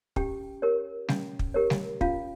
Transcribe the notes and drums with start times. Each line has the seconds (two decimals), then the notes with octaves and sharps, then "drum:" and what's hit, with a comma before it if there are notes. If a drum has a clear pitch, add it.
0.16 C#4 G4 G5, drum: kick
0.62 G4 A#4 C#5
1.09 C#4, drum: snare G3
1.39 drum: kick
1.54 G4 A#4 C#5
1.70 drum: snare G3
2.01 C#4 F4 F5, drum: kick